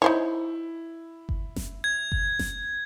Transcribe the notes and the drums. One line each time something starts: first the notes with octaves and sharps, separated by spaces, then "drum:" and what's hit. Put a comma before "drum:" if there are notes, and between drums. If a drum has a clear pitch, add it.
D#4 E4 C5 C#5
drum: kick G1
drum: snare F#1
G#6
drum: kick G1
drum: snare F#1